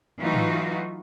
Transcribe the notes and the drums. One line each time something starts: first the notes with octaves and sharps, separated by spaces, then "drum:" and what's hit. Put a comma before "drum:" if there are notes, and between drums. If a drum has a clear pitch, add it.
E3 F#3 A3 D#4 F4 F#4
drum: tom G#2